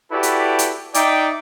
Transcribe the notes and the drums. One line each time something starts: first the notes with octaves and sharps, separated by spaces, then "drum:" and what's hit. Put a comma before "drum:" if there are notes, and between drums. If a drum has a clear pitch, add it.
E4 F#4 G4 A4 B4 D5
drum: hi-hat
drum: hi-hat
D#4 D5 E5 G5 D6, drum: hi-hat